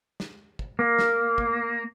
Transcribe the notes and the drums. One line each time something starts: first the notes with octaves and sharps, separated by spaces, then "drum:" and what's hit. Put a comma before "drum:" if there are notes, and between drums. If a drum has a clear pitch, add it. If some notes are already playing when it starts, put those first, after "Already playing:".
drum: snare
drum: kick
A#3
drum: snare
drum: kick